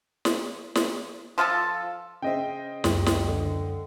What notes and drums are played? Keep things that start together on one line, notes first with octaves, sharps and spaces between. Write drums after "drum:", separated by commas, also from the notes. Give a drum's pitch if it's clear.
drum: snare
drum: snare
F3 F4 G#4 A4
C#3 C5 D#5 E5 G5
C#2 F#2 G4, drum: snare
drum: snare
D3